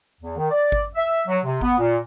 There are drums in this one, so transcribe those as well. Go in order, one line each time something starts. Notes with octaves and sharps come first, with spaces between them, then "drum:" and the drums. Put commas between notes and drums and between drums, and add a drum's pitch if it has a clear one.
E2
D#3
D5
drum: kick G#1
E5
F#3
C3
B3, drum: kick G#1
A#2